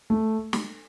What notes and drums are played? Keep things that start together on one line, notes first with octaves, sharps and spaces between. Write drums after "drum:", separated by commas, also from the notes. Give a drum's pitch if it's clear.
A3
drum: snare